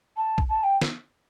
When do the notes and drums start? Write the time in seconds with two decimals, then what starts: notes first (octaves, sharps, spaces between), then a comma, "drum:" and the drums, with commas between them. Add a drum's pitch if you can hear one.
0.16 A5
0.38 drum: kick A#1
0.49 A5
0.63 G5
0.82 drum: snare